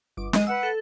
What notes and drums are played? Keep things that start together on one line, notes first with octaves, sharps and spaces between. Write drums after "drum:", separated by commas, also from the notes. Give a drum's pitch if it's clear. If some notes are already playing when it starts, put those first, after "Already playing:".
G1 D6
G#3 D#5, drum: snare
B4 F#5 E6
A4